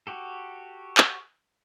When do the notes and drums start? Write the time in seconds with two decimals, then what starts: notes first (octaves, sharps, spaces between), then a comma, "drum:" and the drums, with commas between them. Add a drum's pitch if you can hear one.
0.07 F#4 G4 A4
0.98 drum: clap